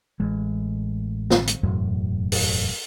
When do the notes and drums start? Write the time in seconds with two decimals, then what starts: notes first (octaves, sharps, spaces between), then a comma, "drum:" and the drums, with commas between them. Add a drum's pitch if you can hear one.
0.20 A1 G#3
1.30 drum: snare
1.47 drum: hi-hat
1.63 E1 F#2 A2
2.32 drum: open hi-hat